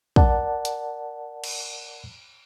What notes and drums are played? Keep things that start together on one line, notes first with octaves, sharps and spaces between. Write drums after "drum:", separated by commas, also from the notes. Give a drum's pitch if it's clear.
A#4 D5 F#5 A5, drum: kick
drum: hi-hat
drum: cymbal